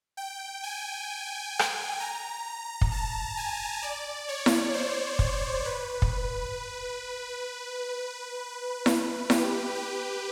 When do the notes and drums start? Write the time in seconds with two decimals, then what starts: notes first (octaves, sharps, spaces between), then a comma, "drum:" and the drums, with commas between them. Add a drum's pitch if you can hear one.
0.17 G5
0.63 G#5
1.59 drum: rim click
2.00 A#5
2.81 drum: kick
2.92 A5
3.37 G#5
3.82 D5
4.28 C#5
4.46 drum: snare E4
4.74 C5
5.19 C#5, drum: kick
5.65 B4
6.02 drum: kick
8.86 drum: snare E4
9.30 G4, drum: snare E4
9.75 G4